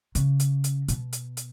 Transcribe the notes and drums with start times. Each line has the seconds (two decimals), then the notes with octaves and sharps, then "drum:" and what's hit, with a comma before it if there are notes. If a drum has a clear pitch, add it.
0.15 C#3, drum: hi-hat
0.40 drum: hi-hat
0.64 drum: hi-hat
0.88 B2, drum: hi-hat
1.13 drum: hi-hat
1.37 drum: hi-hat